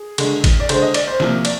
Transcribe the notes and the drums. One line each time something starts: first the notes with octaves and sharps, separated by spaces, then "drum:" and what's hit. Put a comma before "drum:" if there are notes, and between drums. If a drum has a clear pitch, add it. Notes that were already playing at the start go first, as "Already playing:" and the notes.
Already playing: G#4
D3 G#3, drum: cymbal
drum: kick, cymbal
D5
D3 G#3 C5, drum: cymbal
D#5
D5, drum: cymbal
C5
C3 F3 A#3, drum: snare
D5, drum: cymbal